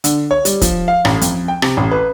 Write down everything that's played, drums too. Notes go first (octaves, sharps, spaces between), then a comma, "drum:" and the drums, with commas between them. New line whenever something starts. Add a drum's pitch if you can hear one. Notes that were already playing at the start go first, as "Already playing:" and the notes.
D3, drum: hi-hat
C#5
G3, drum: hi-hat
F3, drum: kick, hi-hat
F5
A1, drum: rim click
F2, drum: hi-hat
G5
C3, drum: rim click
A1
B4